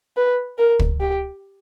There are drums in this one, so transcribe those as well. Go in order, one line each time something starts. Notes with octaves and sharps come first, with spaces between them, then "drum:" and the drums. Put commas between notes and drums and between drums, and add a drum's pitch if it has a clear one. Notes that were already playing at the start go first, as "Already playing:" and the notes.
B4
A#4
drum: kick
G4